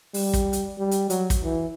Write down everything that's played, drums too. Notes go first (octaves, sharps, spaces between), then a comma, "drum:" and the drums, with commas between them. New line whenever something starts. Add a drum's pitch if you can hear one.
G3, drum: open hi-hat
drum: kick, hi-hat
drum: hi-hat
G3
drum: hi-hat
F#3, drum: hi-hat
drum: kick, hi-hat
E3